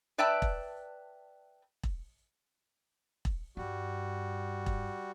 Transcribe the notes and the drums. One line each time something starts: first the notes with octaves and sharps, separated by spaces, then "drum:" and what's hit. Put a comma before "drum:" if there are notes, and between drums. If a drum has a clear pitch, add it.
B4 D5 E5 G5 A5
drum: kick E1
drum: kick E1
drum: kick E1
G2 G3 F#4
drum: kick E1